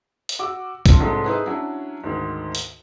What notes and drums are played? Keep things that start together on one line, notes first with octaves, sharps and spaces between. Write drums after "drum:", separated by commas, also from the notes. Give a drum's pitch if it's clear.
drum: hi-hat
F#4 D6 E6
C4 D4 F4, drum: kick A#1, hi-hat
C2 G#2 F#3 G#3 D#4 A4
D#4 E4 G#4 B4 C5
F#3 C#4 D4 E4
D2 G#2 D#3
drum: hi-hat